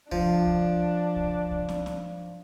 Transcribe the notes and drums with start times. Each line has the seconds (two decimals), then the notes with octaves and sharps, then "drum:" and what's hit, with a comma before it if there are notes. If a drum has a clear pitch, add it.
0.12 F3 D4, drum: kick C2
0.47 drum: kick C2
1.16 drum: kick C2
1.51 drum: kick C2
1.69 drum: snare
1.86 drum: snare